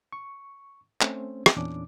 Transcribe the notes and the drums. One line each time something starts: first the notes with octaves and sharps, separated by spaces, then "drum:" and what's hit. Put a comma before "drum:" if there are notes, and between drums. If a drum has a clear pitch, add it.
C#6
A3 C4 C#4 C5, drum: clap
drum: rim click
E2 A#2 C#4 D4 D6